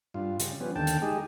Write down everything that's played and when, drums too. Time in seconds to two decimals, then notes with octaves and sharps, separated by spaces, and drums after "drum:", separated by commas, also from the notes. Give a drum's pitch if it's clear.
0.14 G2 F4
0.40 C#3 G3, drum: hi-hat
0.60 F3 G3 B3 C#4
0.76 D#2 D3 G5 A5
0.87 drum: hi-hat
1.02 G#3 D#4 G4 G#4